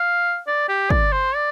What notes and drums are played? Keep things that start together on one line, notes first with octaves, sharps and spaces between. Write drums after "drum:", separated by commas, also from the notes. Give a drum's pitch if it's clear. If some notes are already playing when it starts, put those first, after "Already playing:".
Already playing: F5
D5
G4
D5, drum: kick
C5
D5